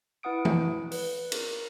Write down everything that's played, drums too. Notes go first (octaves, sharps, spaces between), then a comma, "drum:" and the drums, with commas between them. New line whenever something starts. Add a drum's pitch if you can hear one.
E4 B4 F#5 D#6 D7
drum: tom
B4, drum: open hi-hat
A#4, drum: cymbal